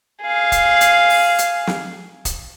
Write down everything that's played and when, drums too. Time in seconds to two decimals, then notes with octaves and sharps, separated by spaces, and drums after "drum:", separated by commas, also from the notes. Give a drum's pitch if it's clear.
0.23 G#4 F5
0.52 drum: kick, hi-hat
0.81 drum: hi-hat
1.10 drum: open hi-hat
1.38 drum: hi-hat
1.67 drum: snare
2.25 drum: kick, hi-hat